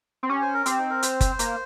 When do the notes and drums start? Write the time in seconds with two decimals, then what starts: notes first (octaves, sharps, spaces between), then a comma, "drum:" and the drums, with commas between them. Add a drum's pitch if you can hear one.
0.23 C4
0.29 C#4 G4
0.41 C5
0.54 A#4
0.66 C4 G4, drum: hi-hat
0.78 D#4
0.90 A#4
1.03 C5, drum: hi-hat
1.21 drum: kick F#1, hi-hat
1.39 A#3, drum: hi-hat